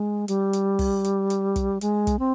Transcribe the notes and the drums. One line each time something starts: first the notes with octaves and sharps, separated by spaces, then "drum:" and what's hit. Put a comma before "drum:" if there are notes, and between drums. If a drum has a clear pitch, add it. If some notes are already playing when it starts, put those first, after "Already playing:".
Already playing: G#3
G3, drum: hi-hat
drum: hi-hat
drum: kick, open hi-hat
drum: hi-hat
drum: hi-hat
drum: kick, hi-hat
G#3, drum: hi-hat
drum: kick, hi-hat
C4